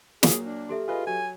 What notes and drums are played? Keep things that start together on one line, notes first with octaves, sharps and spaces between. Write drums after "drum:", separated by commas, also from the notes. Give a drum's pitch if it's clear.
A#2 F#3 A#3 G#4, drum: snare
D4
G4 A4 E5
F4 G#4 B4 D#5
F#3 G#5